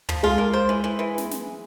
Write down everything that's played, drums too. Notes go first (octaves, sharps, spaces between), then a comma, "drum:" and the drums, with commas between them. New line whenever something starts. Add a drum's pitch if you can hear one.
F3, drum: tom
G#3 F4
A#3
C5
E3
E3
E3
drum: snare
drum: snare